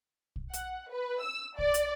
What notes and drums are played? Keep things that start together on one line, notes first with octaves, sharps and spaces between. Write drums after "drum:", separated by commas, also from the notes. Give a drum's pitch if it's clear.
drum: kick
F#5, drum: hi-hat
B4
E6
D5, drum: kick
drum: hi-hat